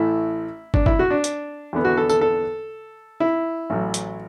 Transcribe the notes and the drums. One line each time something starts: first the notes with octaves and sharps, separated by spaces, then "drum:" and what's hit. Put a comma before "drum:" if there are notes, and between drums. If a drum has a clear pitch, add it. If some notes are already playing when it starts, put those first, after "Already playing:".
Already playing: A1 A2 A3 E4
D4, drum: kick
E4, drum: kick
F#4
D4
drum: hi-hat
E2 D3 B3
F#4
A4
A4, drum: tambourine
A4
E4
A1 A2 F#3
drum: hi-hat